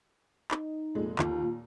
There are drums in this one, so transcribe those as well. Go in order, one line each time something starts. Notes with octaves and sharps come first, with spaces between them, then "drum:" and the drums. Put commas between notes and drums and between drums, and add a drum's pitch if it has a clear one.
D#4, drum: clap
F1 A#2 G#3
D#2 F4, drum: clap
A#2